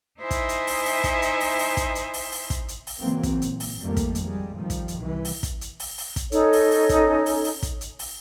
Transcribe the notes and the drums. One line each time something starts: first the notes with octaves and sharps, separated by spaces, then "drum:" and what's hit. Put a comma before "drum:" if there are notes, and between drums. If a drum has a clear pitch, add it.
D#4 E4 C5 D#5 E5 G#5
drum: kick, hi-hat
drum: hi-hat
drum: open hi-hat
drum: open hi-hat
drum: kick, hi-hat
drum: hi-hat
drum: open hi-hat
drum: open hi-hat
drum: kick, hi-hat
drum: hi-hat
drum: open hi-hat
drum: open hi-hat
drum: kick, hi-hat
drum: hi-hat
drum: open hi-hat
C#3 E3 F#3 A#3 C4
drum: kick, hi-hat
A#2, drum: hi-hat
drum: open hi-hat
F2 D#3 G3 A3 A#3
drum: kick, hi-hat
drum: hi-hat
G3 G#3 A#3
F2 D#3 F3 G3
drum: kick, hi-hat
drum: hi-hat
C2 E3 G3
drum: open hi-hat
drum: kick, hi-hat
drum: hi-hat
drum: open hi-hat
drum: open hi-hat
drum: kick, hi-hat
C#4 D#4 A4 C#5, drum: hi-hat
drum: open hi-hat
drum: open hi-hat
drum: kick, hi-hat
drum: open hi-hat
drum: open hi-hat
drum: kick, hi-hat
drum: hi-hat
drum: open hi-hat